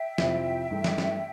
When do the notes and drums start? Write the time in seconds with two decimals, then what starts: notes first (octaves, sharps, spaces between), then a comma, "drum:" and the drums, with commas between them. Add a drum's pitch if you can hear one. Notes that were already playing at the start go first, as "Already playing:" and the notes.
Already playing: E5 G5
0.18 F2 C3 F3 C4 E4, drum: snare
0.71 G2 E3 A3
0.84 drum: snare
0.98 drum: snare